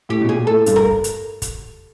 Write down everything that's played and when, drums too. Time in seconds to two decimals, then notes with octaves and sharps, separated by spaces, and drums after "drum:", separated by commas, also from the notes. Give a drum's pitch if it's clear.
0.09 A2 G4
0.21 B2
0.28 A#2 G#4
0.47 A2 A4
0.66 G2, drum: hi-hat
0.76 A#4
0.85 drum: kick
1.04 drum: hi-hat
1.42 drum: kick, hi-hat